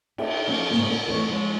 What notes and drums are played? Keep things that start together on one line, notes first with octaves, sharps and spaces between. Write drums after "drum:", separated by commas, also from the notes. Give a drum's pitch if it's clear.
E5 G5, drum: cymbal
F3 C#4 G#4 C5 F5
G#2 C#3 A#3
F4 A#4 F#5
F2 E3 A3 C#5
F3 G#3 C#5